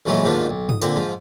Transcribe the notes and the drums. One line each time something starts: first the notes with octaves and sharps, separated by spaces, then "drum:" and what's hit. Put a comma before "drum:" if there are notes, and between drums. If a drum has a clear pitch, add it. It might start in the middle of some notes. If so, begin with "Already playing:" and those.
A#1 C#3 E3 F#3 G#3 A3
D#2 G#2 B2 D#3 F3 D4
B1
D#6, drum: tom G2
A#2 D3 C4, drum: tambourine
G#2 F3